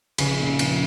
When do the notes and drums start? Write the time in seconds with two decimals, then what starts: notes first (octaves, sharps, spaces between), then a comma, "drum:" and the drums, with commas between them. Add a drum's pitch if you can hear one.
0.18 A#1 C#3, drum: cymbal
0.39 A#2 A#3 C#4
0.59 A#1, drum: cymbal